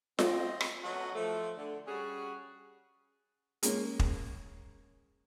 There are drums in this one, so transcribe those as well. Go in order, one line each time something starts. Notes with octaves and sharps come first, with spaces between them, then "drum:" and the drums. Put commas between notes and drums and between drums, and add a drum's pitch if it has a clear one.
C4 D#5, drum: snare F4
drum: rim click
F#3 A3 B3 C#4 F#4 D#5
F3 A3
D3
G3 C#4 F#4 G#4
G#3 A#3 C#4, drum: hi-hat
drum: kick